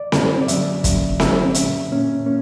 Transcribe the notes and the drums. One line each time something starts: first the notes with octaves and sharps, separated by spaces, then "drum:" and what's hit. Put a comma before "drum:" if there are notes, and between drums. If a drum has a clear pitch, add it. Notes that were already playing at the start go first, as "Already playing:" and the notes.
Already playing: D5
F#2 D3 F#3 A#3 C#4, drum: snare C4
D5
F#2 D3 F#3 A#3 C#4 E5, drum: hi-hat
F#2 D3 F#3 A#3 C#4, drum: kick, hi-hat
F#2 D3 F#3 A#3 C#4 E5, drum: snare C4
A#2 A#3 C#4, drum: hi-hat
A#2 A#3 C#4
A#3 C#4